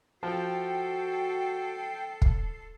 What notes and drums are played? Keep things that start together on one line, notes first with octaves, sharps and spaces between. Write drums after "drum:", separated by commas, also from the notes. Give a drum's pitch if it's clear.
F3 F#4 A4 G5 C7
drum: kick